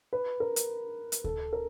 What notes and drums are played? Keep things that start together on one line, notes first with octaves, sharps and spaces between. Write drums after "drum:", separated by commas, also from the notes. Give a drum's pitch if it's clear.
B4
A#4
drum: hi-hat
drum: hi-hat
A4, drum: kick D2
A#4